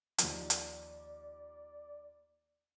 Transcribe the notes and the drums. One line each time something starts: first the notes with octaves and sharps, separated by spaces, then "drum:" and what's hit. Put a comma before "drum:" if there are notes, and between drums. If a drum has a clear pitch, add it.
D#2 F3 D5, drum: hi-hat
drum: hi-hat